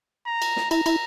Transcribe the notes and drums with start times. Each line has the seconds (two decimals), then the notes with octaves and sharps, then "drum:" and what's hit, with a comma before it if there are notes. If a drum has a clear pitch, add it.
0.27 A#5
0.42 drum: cymbal
0.56 drum: snare
0.71 E4 A#5, drum: cymbal
0.86 E4, drum: cymbal